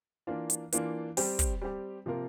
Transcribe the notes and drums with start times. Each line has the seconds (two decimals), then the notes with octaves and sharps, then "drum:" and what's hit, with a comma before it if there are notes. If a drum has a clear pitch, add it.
0.27 E3 A#3 D4 F4
0.50 drum: hi-hat
0.73 E3 A#3 D4 F4, drum: hi-hat
1.17 G3 C4 G4, drum: open hi-hat
1.39 drum: kick, hi-hat
1.62 G3 C4 G4
2.06 C3 F3 A#3 F4 A#4